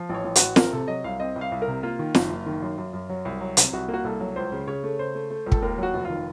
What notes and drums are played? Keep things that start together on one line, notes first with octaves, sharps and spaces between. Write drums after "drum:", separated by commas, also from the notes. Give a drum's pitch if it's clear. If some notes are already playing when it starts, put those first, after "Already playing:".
Already playing: F3
A1 C#5
A1
F#4, drum: hi-hat
A1
C4 A#4, drum: snare
C3 A4
F#3 D#5
C2 F5
C4 D#5
C2
F5
C2
A#4
C3
A#3 F4
D#3
F#1, drum: snare
F#1
D#3
F#2
F#2
F#2
F#3
C2
F#3
C3, drum: hi-hat
C2 F#4
A#3
F#4
C2 A4
F#3
C#2 C5
C#3
C#3 C#5
A3
C#3 C5
A3
A3
C#2
A4, drum: kick
D#2 A#4
F#3 F#4
F1
D#3 F4